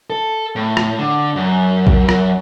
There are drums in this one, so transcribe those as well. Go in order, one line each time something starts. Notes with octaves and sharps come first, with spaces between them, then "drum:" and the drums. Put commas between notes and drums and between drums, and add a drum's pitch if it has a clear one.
A4
A2
drum: rim click
D3
F#2
drum: kick A#1
drum: rim click